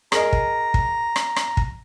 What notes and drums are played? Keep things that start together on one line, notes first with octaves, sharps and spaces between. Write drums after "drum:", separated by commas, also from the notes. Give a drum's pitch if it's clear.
G#4 A#4 D#5 A#5, drum: rim click
drum: kick
drum: kick
drum: rim click
drum: rim click
drum: kick